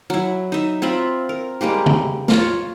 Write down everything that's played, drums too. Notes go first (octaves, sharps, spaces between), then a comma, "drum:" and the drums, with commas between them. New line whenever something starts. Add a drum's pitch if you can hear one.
F#3 E4
D#4 E5
C4 F4 E5 B5
A#4
G3 G#3 A#3 G4
drum: tom C#3
F4 C#5, drum: snare